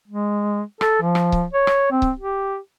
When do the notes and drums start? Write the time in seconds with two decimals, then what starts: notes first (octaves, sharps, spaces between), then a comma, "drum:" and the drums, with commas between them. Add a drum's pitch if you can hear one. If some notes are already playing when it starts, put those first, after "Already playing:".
0.08 G#3
0.81 A4, drum: rim click
1.02 F3
1.15 drum: rim click
1.32 drum: kick C#1
1.53 C#5
1.67 drum: rim click
1.91 C4
2.02 drum: kick C#1
2.19 G4